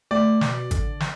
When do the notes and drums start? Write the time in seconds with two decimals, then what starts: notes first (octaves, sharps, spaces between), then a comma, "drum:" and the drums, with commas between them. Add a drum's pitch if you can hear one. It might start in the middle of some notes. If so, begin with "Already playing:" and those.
0.11 A3 D5
0.41 B2, drum: snare
0.71 D3, drum: kick G#1, hi-hat
1.00 drum: snare